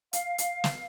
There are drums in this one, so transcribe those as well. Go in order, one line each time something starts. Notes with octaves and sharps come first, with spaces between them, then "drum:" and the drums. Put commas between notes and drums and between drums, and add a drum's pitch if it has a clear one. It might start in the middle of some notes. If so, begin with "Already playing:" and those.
F5, drum: hi-hat
drum: hi-hat
drum: snare